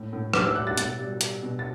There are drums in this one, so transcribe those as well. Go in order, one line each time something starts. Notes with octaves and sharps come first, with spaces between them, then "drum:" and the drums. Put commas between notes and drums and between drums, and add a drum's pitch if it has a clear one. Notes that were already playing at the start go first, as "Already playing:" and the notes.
Already playing: A2
A2
G3 D6, drum: rim click
E6
G3 F#6
A6
B2 A6, drum: hi-hat
G3
G3, drum: hi-hat
B2
A6